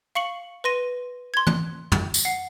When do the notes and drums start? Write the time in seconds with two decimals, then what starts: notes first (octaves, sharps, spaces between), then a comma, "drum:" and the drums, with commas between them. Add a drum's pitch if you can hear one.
0.15 F5 C#6 C#7 F#7
0.64 B4 C6 A#6 D#7
1.34 C6 G#6
1.47 F#6, drum: tom
1.92 drum: tom
2.14 drum: tambourine
2.25 F#5 C7